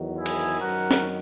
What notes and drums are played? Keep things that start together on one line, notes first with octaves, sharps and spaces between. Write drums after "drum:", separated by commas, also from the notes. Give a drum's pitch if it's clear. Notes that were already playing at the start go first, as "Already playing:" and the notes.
Already playing: E2 D#3 F#3
E4 G#4
drum: cymbal
F#2 D#3 F#3 F#4 A#4
drum: snare